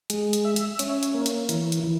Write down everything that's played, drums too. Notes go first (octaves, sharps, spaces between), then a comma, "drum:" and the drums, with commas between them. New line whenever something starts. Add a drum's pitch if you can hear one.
G#3, drum: hi-hat
drum: hi-hat
E5
drum: hi-hat
C#4, drum: hi-hat
drum: hi-hat
A#3
drum: hi-hat
E3, drum: hi-hat
drum: hi-hat
E3